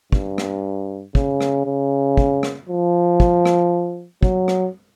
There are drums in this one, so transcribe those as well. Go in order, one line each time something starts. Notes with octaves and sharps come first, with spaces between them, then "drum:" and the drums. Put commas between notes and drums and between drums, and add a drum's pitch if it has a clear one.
G2, drum: kick
drum: rim click
C#3, drum: kick
drum: rim click
C#3
drum: kick
drum: rim click
F3
drum: kick
drum: rim click
F#3, drum: kick
drum: rim click